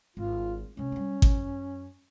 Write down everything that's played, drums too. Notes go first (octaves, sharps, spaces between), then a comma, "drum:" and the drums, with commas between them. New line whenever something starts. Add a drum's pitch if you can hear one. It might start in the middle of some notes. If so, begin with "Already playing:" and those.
G#1 F4
C3 G#3 C#4
F#3 G3
F#2, drum: kick G#1